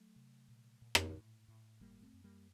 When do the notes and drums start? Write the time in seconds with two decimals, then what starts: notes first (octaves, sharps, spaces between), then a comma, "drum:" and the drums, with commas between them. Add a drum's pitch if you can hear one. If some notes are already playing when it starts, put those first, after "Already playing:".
Already playing: F#3 A3
0.16 C3
0.48 A#2
0.82 A#2
0.95 drum: rim click
1.15 A2
1.48 A2
1.80 G1 G3 A#3
2.02 A3 C4
2.13 F#2
2.24 G3 A#3